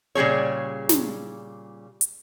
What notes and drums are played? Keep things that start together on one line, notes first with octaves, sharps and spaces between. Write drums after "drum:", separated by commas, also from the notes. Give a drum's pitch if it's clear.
A#2 C#3 G3 G#4 C#5
drum: snare
drum: hi-hat